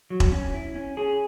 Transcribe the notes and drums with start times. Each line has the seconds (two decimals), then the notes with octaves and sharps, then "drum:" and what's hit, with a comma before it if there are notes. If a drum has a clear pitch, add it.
0.10 F#3
0.20 drum: kick E1
0.32 C#4
0.54 E4
0.75 C#4
0.97 C#4 G#4